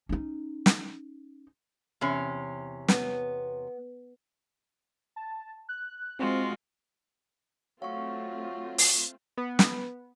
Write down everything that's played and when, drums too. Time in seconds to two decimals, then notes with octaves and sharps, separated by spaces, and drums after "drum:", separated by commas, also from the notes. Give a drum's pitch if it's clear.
0.09 C#4 D#4
0.66 drum: snare
2.01 E2 C3 C#4
2.88 B3, drum: snare
5.16 A5
5.69 F#6
6.19 G#3 C4 F4 F#4
7.82 F#3 A3 C4 F4 F5 C#6
8.78 drum: open hi-hat
9.37 B3
9.59 drum: snare